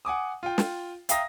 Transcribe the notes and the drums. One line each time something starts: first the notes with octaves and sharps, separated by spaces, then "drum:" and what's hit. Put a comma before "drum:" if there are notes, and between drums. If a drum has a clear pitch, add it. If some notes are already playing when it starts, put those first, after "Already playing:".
F#5 G#5 D6 D#6
F4 G5
drum: snare
E5 F5 G5 A#5 D#6 A#6, drum: hi-hat